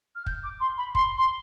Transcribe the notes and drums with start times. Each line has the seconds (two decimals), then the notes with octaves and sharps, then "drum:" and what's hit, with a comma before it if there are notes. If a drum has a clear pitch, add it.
0.16 F6
0.26 G6, drum: kick
0.44 D6
0.60 C6
0.78 B5
0.95 C6, drum: kick
1.18 C6